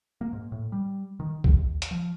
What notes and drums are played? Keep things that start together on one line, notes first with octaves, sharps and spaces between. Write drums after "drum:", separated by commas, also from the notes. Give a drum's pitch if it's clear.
A#3
G#2
A2
G3
D#3
D#2, drum: kick
drum: hi-hat
F3